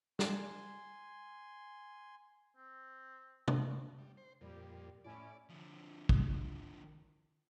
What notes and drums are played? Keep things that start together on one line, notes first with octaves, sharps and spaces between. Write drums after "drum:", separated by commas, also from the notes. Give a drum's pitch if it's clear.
G#5 C6, drum: snare
C4
drum: tom
G3
C5
F2 A#2 G3 G4
A2 C#4 E4 D5
D3 F3
drum: kick